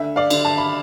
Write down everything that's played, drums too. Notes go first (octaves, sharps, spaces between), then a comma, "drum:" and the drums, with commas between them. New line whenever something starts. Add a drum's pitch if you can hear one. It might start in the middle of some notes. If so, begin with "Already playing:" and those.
Already playing: D2 E5
D5 F5
D3, drum: cymbal
A5
B5